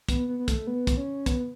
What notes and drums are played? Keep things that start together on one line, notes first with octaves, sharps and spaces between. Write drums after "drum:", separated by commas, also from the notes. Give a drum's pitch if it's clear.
B3, drum: kick, hi-hat
B3
B3
A3, drum: kick, hi-hat
B3
drum: kick, hi-hat
C#4
B3, drum: kick, hi-hat